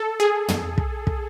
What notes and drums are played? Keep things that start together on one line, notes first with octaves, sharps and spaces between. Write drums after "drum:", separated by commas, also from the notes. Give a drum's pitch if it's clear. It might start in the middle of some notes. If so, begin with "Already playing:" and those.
Already playing: A4
G#4
drum: tom
drum: kick
drum: kick